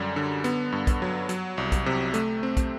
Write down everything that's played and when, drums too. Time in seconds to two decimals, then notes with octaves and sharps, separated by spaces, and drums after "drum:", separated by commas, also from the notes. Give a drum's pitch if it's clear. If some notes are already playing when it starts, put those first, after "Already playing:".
Already playing: F#2 D3 G3
0.16 D3
0.44 B3, drum: hi-hat
0.72 G2
0.87 drum: kick, hi-hat
1.02 F#3
1.29 F#3, drum: hi-hat
1.58 C2
1.72 drum: kick, hi-hat
1.86 C3
2.14 A3, drum: hi-hat
2.43 C4
2.57 drum: kick, hi-hat